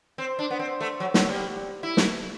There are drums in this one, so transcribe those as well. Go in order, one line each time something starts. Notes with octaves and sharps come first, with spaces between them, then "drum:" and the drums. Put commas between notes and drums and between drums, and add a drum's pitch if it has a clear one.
C4
D4
B3
C4
A3
F#3
F#3, drum: snare
G3
E4
drum: snare